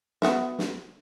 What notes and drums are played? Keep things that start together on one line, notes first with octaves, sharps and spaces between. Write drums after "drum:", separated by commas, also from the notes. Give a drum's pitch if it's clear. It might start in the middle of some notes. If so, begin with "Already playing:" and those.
B3 F#4 E5, drum: snare
drum: snare